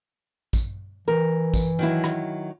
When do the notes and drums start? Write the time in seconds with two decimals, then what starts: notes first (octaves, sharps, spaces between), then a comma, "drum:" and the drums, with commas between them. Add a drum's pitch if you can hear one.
0.53 drum: kick, tambourine
1.08 E3 A#4
1.54 drum: kick, tambourine
1.79 D#3 F#3 E4
2.04 drum: rim click